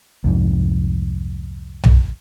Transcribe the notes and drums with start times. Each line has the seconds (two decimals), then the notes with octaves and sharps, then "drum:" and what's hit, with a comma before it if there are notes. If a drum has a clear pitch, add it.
0.24 C2 F2 G#2
1.84 drum: tom B1